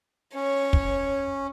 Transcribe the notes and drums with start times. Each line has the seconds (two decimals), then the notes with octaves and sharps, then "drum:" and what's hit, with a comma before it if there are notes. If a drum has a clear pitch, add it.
0.35 C#4 C#5
0.73 drum: kick